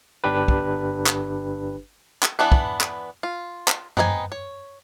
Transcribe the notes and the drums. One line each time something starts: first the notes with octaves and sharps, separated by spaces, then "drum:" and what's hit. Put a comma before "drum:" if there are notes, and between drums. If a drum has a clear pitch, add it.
G1 D4 G4 B4
drum: kick
drum: clap
drum: clap
E3 B3 D4 B4
drum: kick
drum: clap
F4
drum: clap
B3 C4 D#4 D#5 G#5, drum: tom F#2
C#5